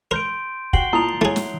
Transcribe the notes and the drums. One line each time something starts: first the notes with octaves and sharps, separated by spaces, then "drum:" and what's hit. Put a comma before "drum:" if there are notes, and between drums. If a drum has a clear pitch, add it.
A#4 C6 G6 D7
F#4 G5 C7 F#7 G7, drum: kick
A#2 E4 F#5 A5 A#5 D#6 C7 F7
E3 F#3 A3 G#4 A5
drum: snare